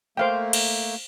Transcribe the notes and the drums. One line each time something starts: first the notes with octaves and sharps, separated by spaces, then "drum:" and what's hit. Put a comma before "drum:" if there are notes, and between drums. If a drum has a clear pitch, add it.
A3 A#3 C5 F5 G5
drum: cymbal